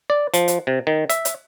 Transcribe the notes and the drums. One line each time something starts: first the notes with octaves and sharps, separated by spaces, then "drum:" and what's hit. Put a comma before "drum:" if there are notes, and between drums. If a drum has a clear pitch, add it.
D5
F3, drum: hi-hat
drum: hi-hat
C3
D#3
E5, drum: hi-hat
drum: hi-hat